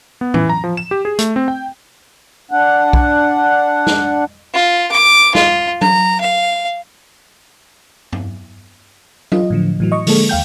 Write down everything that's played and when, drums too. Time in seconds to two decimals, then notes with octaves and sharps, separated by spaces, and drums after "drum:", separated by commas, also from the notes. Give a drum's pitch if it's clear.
0.21 B3
0.34 E3, drum: tom A2
0.49 A#5
0.64 F3
0.77 E7
0.91 G4
1.05 G#4
1.19 A3, drum: hi-hat
1.36 C4
1.48 G5
2.51 D4 F#5
2.93 drum: kick B1
3.87 drum: snare
4.54 F4
4.92 D6
5.35 F4, drum: snare
5.81 A#5, drum: tom F#3
6.21 F5
8.13 drum: tom G2
9.32 F4 D#5, drum: tom F#3
9.50 A2 D3 F3
9.80 A2 E3 F#3
9.92 D#5 C#6
10.07 D3 F3 G#3 A#3 A4, drum: open hi-hat
10.29 D#2 F5 G5 G6